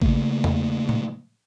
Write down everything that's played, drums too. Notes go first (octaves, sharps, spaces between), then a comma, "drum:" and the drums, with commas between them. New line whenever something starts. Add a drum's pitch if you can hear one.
C#3 A3 A#3, drum: kick A1
drum: tom E2
drum: tom